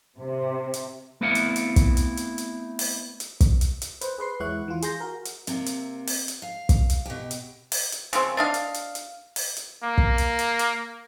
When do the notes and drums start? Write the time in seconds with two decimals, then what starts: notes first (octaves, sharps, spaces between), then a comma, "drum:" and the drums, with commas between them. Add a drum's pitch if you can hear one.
0.18 C3
0.74 drum: hi-hat
1.21 A3 B3 C4 E4 F5 F#5
1.35 drum: hi-hat
1.56 drum: hi-hat
1.76 drum: kick, hi-hat
1.97 drum: hi-hat
2.17 drum: hi-hat
2.38 drum: hi-hat
2.79 drum: open hi-hat
3.20 drum: hi-hat
3.40 drum: kick, hi-hat
3.61 drum: hi-hat
3.82 drum: hi-hat
4.01 B4 C5, drum: hi-hat
4.18 G#4 B4 C6 C7
4.40 E2 G#3 E4 C#5 F#5 F#6
4.68 E3 F4
4.82 G#4 C6 G6 A#6, drum: hi-hat
5.00 F#4 A#4
5.25 drum: hi-hat
5.47 C3 A#3, drum: hi-hat
5.66 drum: hi-hat
6.07 drum: open hi-hat
6.28 drum: hi-hat
6.42 F5
6.69 drum: kick, hi-hat
6.90 drum: hi-hat
7.06 B2 G4
7.31 drum: hi-hat
7.72 drum: open hi-hat
7.92 drum: hi-hat
8.13 C#3 F3 C4, drum: hi-hat
8.37 D4 D#5 F5
8.54 drum: hi-hat
8.74 drum: hi-hat
8.95 drum: hi-hat
9.36 drum: open hi-hat
9.57 drum: hi-hat
9.83 A#3
9.98 drum: kick
10.18 drum: hi-hat
10.39 drum: hi-hat
10.59 drum: hi-hat